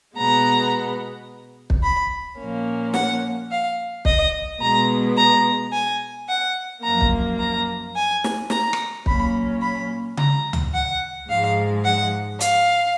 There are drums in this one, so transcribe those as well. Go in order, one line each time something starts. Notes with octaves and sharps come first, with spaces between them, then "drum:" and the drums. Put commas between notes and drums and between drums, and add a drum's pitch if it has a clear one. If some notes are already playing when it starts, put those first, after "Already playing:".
B2 G#3 B3 A#5
drum: kick
B5
A#2 F3 A#3 C#4
F#5, drum: snare
F5
D#5, drum: kick
B2 G#3 B3 A#5
A#5
G#5
F#5
F#2 F3 A#3 A#5
drum: kick
A#5
G#5
drum: snare
A#5, drum: snare
drum: rim click
A#2 F#3 A#3 C#4 B5, drum: kick
B5
A#5, drum: tom C#3
drum: tom C#2
F#5
G#2 F3 G#3 F5
F#5
F5, drum: hi-hat